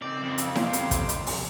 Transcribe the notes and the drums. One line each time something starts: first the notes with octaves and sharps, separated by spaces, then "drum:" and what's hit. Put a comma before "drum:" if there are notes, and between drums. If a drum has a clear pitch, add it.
C#3 C4 D#4 D5
F2
drum: hi-hat
C2 F3 G5 C6 D6, drum: snare E4
drum: hi-hat
drum: kick, hi-hat
drum: hi-hat
drum: open hi-hat